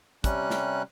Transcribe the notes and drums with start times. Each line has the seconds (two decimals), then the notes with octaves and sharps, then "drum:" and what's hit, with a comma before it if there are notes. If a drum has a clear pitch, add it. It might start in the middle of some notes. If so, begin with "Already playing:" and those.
0.24 C3 G3 C#4 F#6, drum: kick, hi-hat
0.50 drum: snare